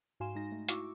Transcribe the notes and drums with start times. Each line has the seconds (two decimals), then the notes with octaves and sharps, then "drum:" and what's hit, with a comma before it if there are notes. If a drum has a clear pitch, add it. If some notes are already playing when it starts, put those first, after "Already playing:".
0.20 G#2 F#4 F5 G#5 C6 E7
0.35 G#3 D#4 A#6
0.52 A3
0.69 E4 F#4 C#6 D6 E6, drum: hi-hat